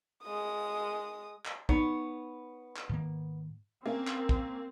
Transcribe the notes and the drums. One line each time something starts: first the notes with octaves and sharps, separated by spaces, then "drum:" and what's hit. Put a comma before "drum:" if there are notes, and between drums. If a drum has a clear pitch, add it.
G#3 D#6
drum: clap
B3 D#4 C#5, drum: kick
drum: clap
G#2 D#3 A#3
A#3 C4 C#4
drum: clap
drum: kick